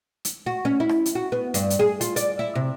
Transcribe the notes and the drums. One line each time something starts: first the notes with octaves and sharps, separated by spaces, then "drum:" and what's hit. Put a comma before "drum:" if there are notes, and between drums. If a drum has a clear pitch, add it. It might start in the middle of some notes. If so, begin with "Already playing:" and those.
drum: hi-hat
F#4
C#4
E4
drum: rim click
drum: hi-hat
F#4
B3
G2, drum: hi-hat
drum: hi-hat
G#4
F4, drum: hi-hat
D5, drum: hi-hat
E4
C3